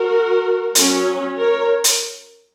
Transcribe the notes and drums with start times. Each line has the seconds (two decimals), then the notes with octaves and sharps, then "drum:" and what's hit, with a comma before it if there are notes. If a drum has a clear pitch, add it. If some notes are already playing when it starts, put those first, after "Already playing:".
Already playing: F#4 A#4
0.75 F#3 C#4, drum: hi-hat
1.39 A#4 C#5
1.84 drum: hi-hat